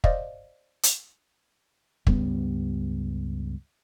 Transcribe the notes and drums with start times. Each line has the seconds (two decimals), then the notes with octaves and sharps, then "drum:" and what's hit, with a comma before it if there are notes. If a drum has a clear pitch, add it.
0.04 C5 D5 D#5 F5, drum: kick
0.83 drum: hi-hat
2.07 C#2 G2 G3 B3, drum: kick